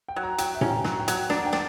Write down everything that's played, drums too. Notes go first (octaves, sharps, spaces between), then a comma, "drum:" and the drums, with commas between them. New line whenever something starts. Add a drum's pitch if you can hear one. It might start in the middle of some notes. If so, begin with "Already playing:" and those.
G5
F#3
A#5
F#3 G5, drum: hi-hat
E5
C#4 A#5, drum: tom A2
G5
F#3 A#5, drum: snare
G5
F#3, drum: hi-hat
G5
D4 A#5, drum: snare
F#5
G5
D4, drum: snare